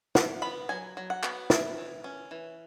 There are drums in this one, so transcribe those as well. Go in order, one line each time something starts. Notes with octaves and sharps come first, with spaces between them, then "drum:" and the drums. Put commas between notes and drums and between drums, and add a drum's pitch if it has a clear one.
E3 F#5, drum: snare
B3 B5
F#3 G#5
F#3
F#5
B3, drum: clap
E3 E5, drum: snare
E3
C#4
E3